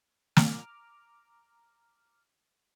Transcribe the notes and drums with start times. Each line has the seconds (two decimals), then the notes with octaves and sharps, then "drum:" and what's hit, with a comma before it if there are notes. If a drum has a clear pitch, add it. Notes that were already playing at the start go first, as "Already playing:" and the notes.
0.37 A#5 D6 F6, drum: snare